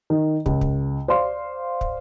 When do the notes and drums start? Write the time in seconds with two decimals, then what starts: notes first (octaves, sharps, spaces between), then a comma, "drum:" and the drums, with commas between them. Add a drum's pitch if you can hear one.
0.10 D#3
0.46 C#2, drum: kick
0.61 drum: kick
1.08 C5 D5 F5 C6
1.81 drum: kick